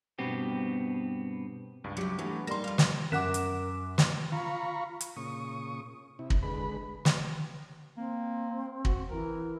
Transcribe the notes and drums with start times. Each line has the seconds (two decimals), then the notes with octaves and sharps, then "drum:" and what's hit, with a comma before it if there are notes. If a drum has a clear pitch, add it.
0.19 G2 B2 B3 C4 G4
1.84 C#2 G2
1.97 F#3 E4 G4
2.19 E3 F#3 A3 B3 C#4 D4 F#4
2.47 G3 A#3 D#4 C6 A#6
2.64 F2 F5
2.78 drum: snare
3.12 F#2 A#4 F#5 D6 F#6 B6 E7
3.34 drum: hi-hat
3.98 drum: snare
4.32 F4 F5 A#5 B5 C#6
5.01 drum: hi-hat
5.16 A#2 C#3 C#6 D#6
6.19 C3 E4
6.30 drum: kick
6.43 D3 G#3 B4 B5
7.05 drum: snare
7.97 A#3 C4
8.85 F#4, drum: kick
9.10 E3 A#4